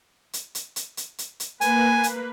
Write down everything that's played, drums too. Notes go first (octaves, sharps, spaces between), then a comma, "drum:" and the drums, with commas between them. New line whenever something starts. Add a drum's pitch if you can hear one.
drum: hi-hat
drum: hi-hat
drum: hi-hat
drum: hi-hat
drum: hi-hat
drum: hi-hat
A#3 B4 G#5, drum: hi-hat
drum: hi-hat